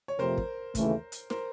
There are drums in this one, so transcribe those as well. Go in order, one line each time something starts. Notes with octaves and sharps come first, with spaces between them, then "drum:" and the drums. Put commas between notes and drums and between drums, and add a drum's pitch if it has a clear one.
C#5
F2 C3 F3 A3 C4 A#4 C5
drum: kick
D#2 C#3 E3 A3, drum: kick, hi-hat
drum: hi-hat
A#4 C5, drum: snare